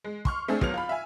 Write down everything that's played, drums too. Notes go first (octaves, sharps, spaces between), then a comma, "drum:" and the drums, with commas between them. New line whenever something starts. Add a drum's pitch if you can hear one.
G#3
C6 C#6 F6, drum: kick
A3 C4 D4 G#4
G#1 F#3 B3 F6 F7, drum: kick
F4 B5
E5 G#5